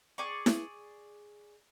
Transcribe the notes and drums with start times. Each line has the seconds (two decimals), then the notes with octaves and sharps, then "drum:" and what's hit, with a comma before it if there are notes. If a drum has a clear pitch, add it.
0.18 G#4 D5 C#6
0.46 drum: snare E4